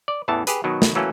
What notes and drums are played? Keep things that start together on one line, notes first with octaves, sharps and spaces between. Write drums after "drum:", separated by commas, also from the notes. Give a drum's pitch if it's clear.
D5
A1 E2 E3 A5
G4 G#4 B4, drum: hi-hat
B2 D#3 F#3
drum: snare
E3 F#3 A3 A#3 C#4